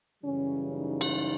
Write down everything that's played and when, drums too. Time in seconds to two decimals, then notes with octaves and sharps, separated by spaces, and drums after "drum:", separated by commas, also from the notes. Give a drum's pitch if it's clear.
0.23 F#2 C#3 E3 G3 C#4
0.75 D#4
1.01 drum: cymbal